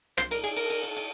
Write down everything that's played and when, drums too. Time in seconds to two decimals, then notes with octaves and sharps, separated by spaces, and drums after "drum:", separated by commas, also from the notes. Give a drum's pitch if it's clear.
0.17 C5, drum: rim click
0.31 A#4, drum: cymbal
0.44 G#4, drum: cymbal
0.56 A#4, drum: cymbal
0.70 drum: cymbal
0.83 drum: cymbal
0.97 drum: cymbal